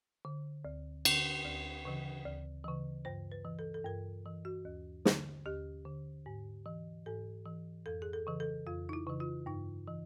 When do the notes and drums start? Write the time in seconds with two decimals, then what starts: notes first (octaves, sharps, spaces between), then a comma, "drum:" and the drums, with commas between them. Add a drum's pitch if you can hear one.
0.25 D3
0.65 D2
1.05 D3, drum: cymbal
1.45 D2
1.85 C#3 E3
2.25 D2
2.64 C#3 E3
3.05 G2 C5
3.32 B4
3.45 E3
3.59 A4
3.74 A4
3.85 G2 A#4
4.26 E3
4.45 F#4
4.65 D#2
5.05 D3, drum: snare
5.45 D#2 G4
5.85 D3
6.26 G#2
6.66 E3
7.06 G#2 A4
7.46 E3
7.86 F2 A4
8.02 G#4
8.13 A4
8.27 C#3 E3
8.40 A4
8.67 F2 F4
8.89 D#4
8.93 E4
9.07 C#3 E3
9.20 F4
9.46 G2 D#4
9.87 E3